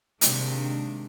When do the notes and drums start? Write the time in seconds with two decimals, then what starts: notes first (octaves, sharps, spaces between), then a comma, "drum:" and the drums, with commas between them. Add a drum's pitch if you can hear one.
0.21 C3 D#3 G#3 A#3 D4, drum: hi-hat